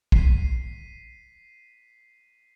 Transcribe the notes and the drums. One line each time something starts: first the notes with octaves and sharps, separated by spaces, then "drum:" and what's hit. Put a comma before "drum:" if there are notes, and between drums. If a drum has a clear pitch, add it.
B6 C7 D#7, drum: kick